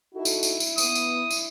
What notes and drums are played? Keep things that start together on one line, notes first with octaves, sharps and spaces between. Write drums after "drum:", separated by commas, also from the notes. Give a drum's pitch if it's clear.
D#4 E4 F#4 A4
drum: tambourine
drum: tambourine
drum: tambourine
B3 D#6, drum: tambourine
drum: tambourine
drum: tambourine